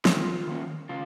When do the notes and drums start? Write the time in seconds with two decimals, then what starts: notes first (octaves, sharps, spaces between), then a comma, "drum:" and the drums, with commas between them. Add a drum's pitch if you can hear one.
0.05 D#3 A#3 C#4 F4, drum: snare
0.47 D#3 A#3 C#4
0.89 C#3 F4